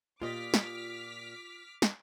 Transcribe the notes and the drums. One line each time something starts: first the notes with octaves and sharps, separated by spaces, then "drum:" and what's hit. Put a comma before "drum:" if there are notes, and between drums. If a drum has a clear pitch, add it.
A#2 F4 G4 D5 D#5 D6 F6 B6
drum: snare
drum: snare